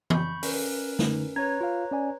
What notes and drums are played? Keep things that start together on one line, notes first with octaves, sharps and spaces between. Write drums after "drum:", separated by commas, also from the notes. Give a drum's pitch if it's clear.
B5 C#6 G6, drum: tom E3
C#4 A#4 B4, drum: open hi-hat
D3 A3 D#4, drum: snare
C#4 B4 C#5 A#5 G#6
F4 F5
C#4 D5 G#5